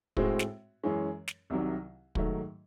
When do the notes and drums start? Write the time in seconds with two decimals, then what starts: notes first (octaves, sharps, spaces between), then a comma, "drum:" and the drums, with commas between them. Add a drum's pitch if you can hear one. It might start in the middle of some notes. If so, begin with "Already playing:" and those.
0.17 A2 G#3 C4 F#4, drum: kick
0.39 drum: snare
0.83 F#2 E3 G#3 C#4
1.28 drum: snare
1.50 C2 C3 D#3 F#3
2.15 G#2 D#3 F#3 A3, drum: kick